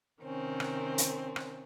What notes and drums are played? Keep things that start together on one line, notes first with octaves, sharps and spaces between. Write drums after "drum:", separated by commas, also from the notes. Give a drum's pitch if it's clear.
C3 D#3 C4 C#4
drum: rim click
drum: hi-hat
drum: rim click